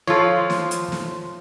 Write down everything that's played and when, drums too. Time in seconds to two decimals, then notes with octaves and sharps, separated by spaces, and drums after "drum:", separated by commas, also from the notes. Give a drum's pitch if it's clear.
0.07 F3 F4 A4 C#5
0.50 drum: snare
0.71 drum: hi-hat
0.92 drum: snare